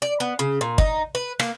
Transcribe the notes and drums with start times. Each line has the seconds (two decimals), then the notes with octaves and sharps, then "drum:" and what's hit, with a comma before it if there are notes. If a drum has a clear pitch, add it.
0.02 D5
0.20 B3
0.39 C#3
0.61 A#2
0.78 D#4, drum: kick
1.15 B4
1.40 A#3, drum: rim click